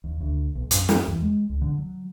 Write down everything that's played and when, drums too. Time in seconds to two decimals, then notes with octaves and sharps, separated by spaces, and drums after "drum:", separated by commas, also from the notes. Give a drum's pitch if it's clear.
0.04 D#2
0.21 D2
0.55 B1
0.71 F#2, drum: hi-hat
0.89 drum: snare
1.08 E2
1.22 G#3
1.49 C#2
1.62 D3
1.78 F#3